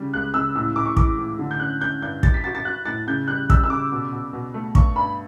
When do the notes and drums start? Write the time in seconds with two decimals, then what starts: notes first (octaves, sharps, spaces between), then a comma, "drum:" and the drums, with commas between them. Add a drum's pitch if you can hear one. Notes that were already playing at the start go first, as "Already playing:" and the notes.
Already playing: C#3 G3
0.13 C#2 F#6
0.34 C#3 E6
0.55 A2 E6
0.76 A2 D6
0.86 C#6
0.97 E3 D6, drum: kick
1.18 A2
1.39 D3
1.51 G6
1.60 C#4 F#6
1.81 C#4 G6
2.02 G2 G6
2.23 G3 A6, drum: kick
2.34 B6
2.44 F#4 A6
2.55 A6
2.65 F#4 F#6
2.86 A2 A6
3.07 C#3 G6
3.28 G3 F#6
3.50 G3 E6, drum: kick
3.64 E6
3.70 C#3 D6
3.91 B2
4.12 B2
4.33 B2
4.54 A3
4.75 G2 C#6, drum: kick
4.96 G2 B5